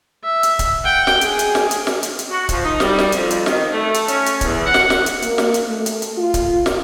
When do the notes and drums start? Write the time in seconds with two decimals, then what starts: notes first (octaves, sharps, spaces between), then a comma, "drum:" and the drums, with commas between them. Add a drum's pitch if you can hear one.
0.24 E5
0.43 drum: hi-hat
0.59 drum: kick C#1, hi-hat
0.84 F#5 G5
1.07 drum: snare
1.21 G#4, drum: hi-hat
1.39 drum: hi-hat
1.55 drum: snare
1.71 drum: hi-hat
1.87 drum: snare
2.03 drum: hi-hat
2.19 drum: hi-hat
2.29 F#4
2.49 F3, drum: kick C#1, hi-hat
2.63 D#4
2.80 G3, drum: snare
2.99 drum: snare
3.12 F2, drum: hi-hat
3.31 drum: hi-hat
3.46 D#3, drum: snare
3.70 A3
3.94 drum: hi-hat
4.08 C#4, drum: hi-hat
4.26 drum: hi-hat
4.41 E2, drum: kick C#1, hi-hat
4.65 F#5
4.74 drum: snare
4.90 drum: snare
5.06 drum: hi-hat
5.22 A#3, drum: hi-hat
5.38 drum: snare
5.54 drum: hi-hat
5.67 A3
5.86 drum: hi-hat
6.02 drum: hi-hat
6.18 F4
6.34 drum: kick C#1, hi-hat
6.66 drum: snare